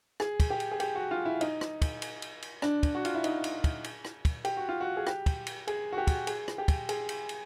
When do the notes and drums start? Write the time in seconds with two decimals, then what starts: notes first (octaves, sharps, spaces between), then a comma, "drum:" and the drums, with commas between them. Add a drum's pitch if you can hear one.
0.20 G#4, drum: rim click
0.40 drum: kick, cymbal
0.50 G4
0.60 drum: cymbal
0.72 G#4
0.80 G4, drum: cymbal
0.95 F#4
1.11 F4
1.25 E4
1.41 D#4, drum: cymbal
1.61 drum: rim click
1.82 drum: kick, cymbal
2.02 drum: cymbal
2.22 drum: cymbal
2.42 drum: cymbal
2.62 D4, drum: rim click
2.83 drum: kick, cymbal
2.95 F#4
3.05 F4, drum: cymbal
3.15 E4
3.24 D#4, drum: cymbal
3.44 drum: cymbal
3.64 drum: kick, cymbal
3.84 drum: cymbal
4.05 drum: rim click
4.25 drum: kick, cymbal
4.45 G4, drum: cymbal
4.57 F#4
4.69 F4
4.81 F#4
4.97 G#4
5.07 G4, drum: rim click
5.26 drum: kick, cymbal
5.47 drum: cymbal
5.67 G#4, drum: cymbal
5.92 F#4
5.98 G4
6.07 drum: kick, cymbal
6.27 G#4, drum: cymbal
6.48 drum: rim click
6.58 G4
6.68 drum: kick, cymbal
6.89 G#4, drum: cymbal
7.09 drum: cymbal
7.29 drum: cymbal